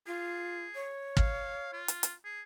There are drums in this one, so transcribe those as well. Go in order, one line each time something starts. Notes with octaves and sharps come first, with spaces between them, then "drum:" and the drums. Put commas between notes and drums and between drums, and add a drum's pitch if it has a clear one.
F4 G#4
C#5
F5, drum: kick
F4
drum: hi-hat
drum: hi-hat
G#4